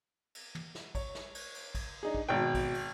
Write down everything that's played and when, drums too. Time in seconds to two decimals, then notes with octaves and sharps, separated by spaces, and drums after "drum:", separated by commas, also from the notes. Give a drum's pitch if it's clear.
0.35 drum: cymbal
0.55 drum: tom
0.75 drum: snare
0.95 C#5, drum: kick A1, cymbal
1.15 drum: snare
1.35 drum: cymbal
1.55 drum: cymbal
1.75 drum: kick A1, cymbal
2.03 D4 D#4 G#4
2.15 drum: kick A1
2.29 G#1 B2 G5
2.55 drum: kick A1, cymbal
2.74 drum: cymbal